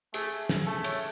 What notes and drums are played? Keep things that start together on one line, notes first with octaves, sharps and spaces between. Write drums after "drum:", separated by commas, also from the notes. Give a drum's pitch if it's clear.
A3 G#4, drum: cymbal
drum: snare
A3 A4
C#5, drum: cymbal